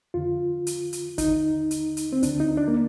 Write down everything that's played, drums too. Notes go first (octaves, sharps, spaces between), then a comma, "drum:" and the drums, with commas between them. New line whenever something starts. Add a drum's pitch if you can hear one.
F2 D3 F4
drum: hi-hat
drum: hi-hat
D#2 D3 D#4, drum: kick, hi-hat
drum: hi-hat
drum: hi-hat
C4
D2 D3 D4, drum: hi-hat
D#4
D4
A#3